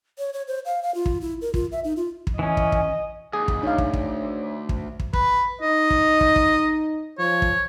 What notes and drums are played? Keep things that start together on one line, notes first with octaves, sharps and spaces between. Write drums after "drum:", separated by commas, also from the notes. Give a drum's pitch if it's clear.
C#5
C#5
C5
F5
F5
F4
drum: kick
E4
A#4
F4, drum: kick
E5
D#4
F4
drum: kick
E3 C#4 D#5
drum: kick
drum: kick
D#2 G#2 G#4
drum: kick
D2 D#4 C#5 F5
drum: kick
drum: kick
drum: kick
drum: kick
B4, drum: kick
D#4 D#5
drum: kick
drum: kick
drum: kick
F3 C#5
drum: kick